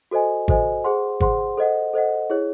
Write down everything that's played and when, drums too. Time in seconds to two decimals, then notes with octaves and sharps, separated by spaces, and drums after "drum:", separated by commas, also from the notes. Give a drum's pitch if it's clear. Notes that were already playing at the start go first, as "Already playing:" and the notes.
0.11 F#4 A4 C5 D#5 G#5
0.48 F#4 A4 C5 D#5 G#5, drum: kick G#1
0.84 G#4 C5 F#5 C6
1.20 G#4 C5 F#5 C6, drum: kick G#1
1.57 A4 C5 D#5 F#5
1.94 A4 C5 D#5 F#5
2.30 E4 G#4 C#5